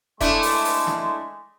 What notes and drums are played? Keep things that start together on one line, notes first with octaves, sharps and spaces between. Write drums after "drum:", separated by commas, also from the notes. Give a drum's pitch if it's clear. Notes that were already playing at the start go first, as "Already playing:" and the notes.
G#3 A3 D4 E4 C6, drum: kick E1, hi-hat
drum: open hi-hat
drum: open hi-hat
drum: snare